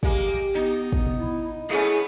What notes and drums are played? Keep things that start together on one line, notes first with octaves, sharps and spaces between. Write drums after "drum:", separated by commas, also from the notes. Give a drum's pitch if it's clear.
G#3 A#3 G4, drum: kick
B3 D#4
drum: kick
drum: tom B2
E4
A3 B3 C#4 E4 G#4